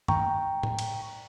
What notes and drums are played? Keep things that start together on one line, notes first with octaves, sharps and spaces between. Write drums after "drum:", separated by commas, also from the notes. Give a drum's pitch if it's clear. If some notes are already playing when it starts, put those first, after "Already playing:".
G5 A#5 C#6, drum: tom
drum: tom A2
drum: cymbal